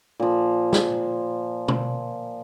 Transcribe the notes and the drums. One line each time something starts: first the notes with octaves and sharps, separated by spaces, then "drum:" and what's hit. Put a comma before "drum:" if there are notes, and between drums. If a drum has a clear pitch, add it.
A#2 F3
drum: snare
drum: tom B2